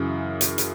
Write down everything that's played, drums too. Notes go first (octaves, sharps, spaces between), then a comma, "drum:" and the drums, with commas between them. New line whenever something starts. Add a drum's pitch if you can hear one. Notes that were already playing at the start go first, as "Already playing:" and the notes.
Already playing: F#2 C#3 E3
drum: hi-hat
drum: hi-hat